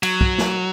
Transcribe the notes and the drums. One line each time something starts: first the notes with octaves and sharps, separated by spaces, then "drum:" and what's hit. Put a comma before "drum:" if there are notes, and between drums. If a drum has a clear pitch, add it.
F#3, drum: cymbal
drum: kick
drum: snare